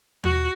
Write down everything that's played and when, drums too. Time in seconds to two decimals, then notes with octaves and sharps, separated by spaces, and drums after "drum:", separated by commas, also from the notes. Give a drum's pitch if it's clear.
0.24 F#4, drum: tom D#2